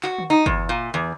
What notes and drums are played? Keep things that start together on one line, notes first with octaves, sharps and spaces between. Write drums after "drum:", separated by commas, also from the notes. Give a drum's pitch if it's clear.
F#4, drum: clap
drum: tom D3
D#4
E2, drum: kick G1
A#2
E2